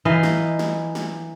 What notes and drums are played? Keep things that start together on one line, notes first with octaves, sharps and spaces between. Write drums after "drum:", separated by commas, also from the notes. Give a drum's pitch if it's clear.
E3 D#4 D#5 F5
drum: snare
drum: snare
drum: snare